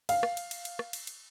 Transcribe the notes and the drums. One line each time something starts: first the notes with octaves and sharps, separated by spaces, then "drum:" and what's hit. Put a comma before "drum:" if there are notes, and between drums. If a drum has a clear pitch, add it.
F5, drum: cymbal
drum: rim click
drum: cymbal
drum: cymbal
drum: cymbal
drum: rim click
drum: cymbal
drum: cymbal